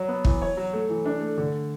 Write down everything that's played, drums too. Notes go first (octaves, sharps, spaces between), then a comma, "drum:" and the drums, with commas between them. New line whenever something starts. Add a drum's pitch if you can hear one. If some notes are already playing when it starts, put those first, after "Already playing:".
Already playing: F#3
B3
E3, drum: kick
C#5
F#3
A3
E3
D4
A3
D3